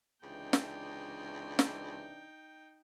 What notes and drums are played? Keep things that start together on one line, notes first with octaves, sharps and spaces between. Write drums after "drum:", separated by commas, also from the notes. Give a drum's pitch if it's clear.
C#2 C3 E3 D4 D#4 G5
drum: snare
drum: snare